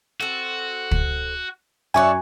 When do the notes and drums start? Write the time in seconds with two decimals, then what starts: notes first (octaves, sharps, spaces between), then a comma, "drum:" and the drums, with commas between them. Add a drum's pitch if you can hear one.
0.20 C4 F#4 A4
0.91 drum: kick
1.94 F#2 C#5 D5 E5 G#5 C#6 F#6